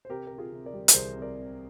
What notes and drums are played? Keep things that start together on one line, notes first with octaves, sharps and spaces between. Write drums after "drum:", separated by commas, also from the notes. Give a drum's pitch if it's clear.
C5
C3 G4 A#4
C3 A#4
F4 G#4
C3
A#4 D5
G3
A#4, drum: hi-hat
C2 G#4 C5
C3
A#4 D5
C3